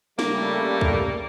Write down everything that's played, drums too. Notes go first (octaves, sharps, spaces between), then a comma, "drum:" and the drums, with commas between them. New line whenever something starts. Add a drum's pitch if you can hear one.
C#3 G3 A3 A#3, drum: snare
drum: kick